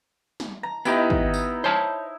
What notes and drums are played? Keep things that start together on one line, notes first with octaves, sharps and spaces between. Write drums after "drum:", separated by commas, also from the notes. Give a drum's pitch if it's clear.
drum: snare
A#5
B3 D#4 E4 G4, drum: tambourine
drum: kick
drum: tambourine
C5 C#5 A5